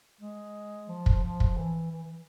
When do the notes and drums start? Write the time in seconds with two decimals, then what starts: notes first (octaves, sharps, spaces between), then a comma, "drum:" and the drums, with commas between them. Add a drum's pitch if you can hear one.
0.21 G#3
0.89 F3
1.06 drum: kick
1.23 F3
1.40 drum: kick
1.57 E3
1.92 E3
2.03 E3